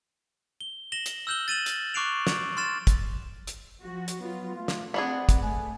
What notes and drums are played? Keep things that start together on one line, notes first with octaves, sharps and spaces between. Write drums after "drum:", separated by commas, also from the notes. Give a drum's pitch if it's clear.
G7
A#6 E7 F#7 G7
drum: hi-hat
E6 F6 G6 E7 F#7 G7
A6 D#7 E7 F#7
drum: hi-hat
C#6 D6 F#6 C7 D7 F7
drum: snare
C6 F6 A6 E7
drum: kick, hi-hat
drum: hi-hat
F3 F#4
drum: hi-hat
F#3 B3 F4
A3 F4
drum: snare
B3 C4 D4 G#4 F#5
drum: kick, hi-hat
A3 G#5